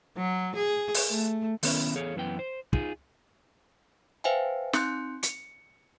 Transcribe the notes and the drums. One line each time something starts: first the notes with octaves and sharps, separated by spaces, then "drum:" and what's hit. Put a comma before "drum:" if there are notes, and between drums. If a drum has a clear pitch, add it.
F#3
G#4
drum: open hi-hat
A3
D#3 B3 C#4 E4, drum: open hi-hat
E2 G#4 A4 C#5 F5
F#2 E3 B3 G5
C5
D#4 F4 G#4, drum: kick
B4 C5 E5 F5 G5 G#5
C4 D#4 C6 F#6 G6 C#7, drum: snare
C#7, drum: hi-hat